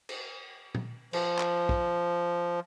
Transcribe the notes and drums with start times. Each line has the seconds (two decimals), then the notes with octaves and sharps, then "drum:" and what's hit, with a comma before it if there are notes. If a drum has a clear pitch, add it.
0.09 drum: cymbal
0.75 drum: tom
1.13 F3, drum: cymbal
1.39 drum: clap
1.69 drum: kick